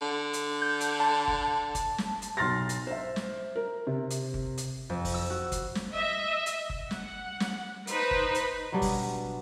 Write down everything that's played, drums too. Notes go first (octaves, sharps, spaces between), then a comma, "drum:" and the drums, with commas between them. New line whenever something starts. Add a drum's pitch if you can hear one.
D3
drum: hi-hat
G6
drum: hi-hat
A5
drum: kick G1
drum: kick G1, hi-hat
drum: snare
drum: hi-hat
B1 C6 F6 A6 A#6
drum: hi-hat
C5 E5
drum: snare
A#4
C3
drum: hi-hat
drum: kick G1
drum: hi-hat
F2
drum: kick G1, open hi-hat
E6
F#4
drum: kick G1, hi-hat
drum: snare
D#5 E5
drum: hi-hat
drum: kick G1
F#5, drum: snare
drum: snare
D#4 B4 C5, drum: hi-hat
drum: kick G1
drum: hi-hat
B2 F#3 G3 D4
drum: kick G1, open hi-hat